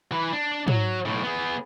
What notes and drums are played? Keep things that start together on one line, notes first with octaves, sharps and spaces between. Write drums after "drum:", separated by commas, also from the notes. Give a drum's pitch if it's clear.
E3 B4
D4
F#3, drum: tom G#2
B1 A2
B3 G#4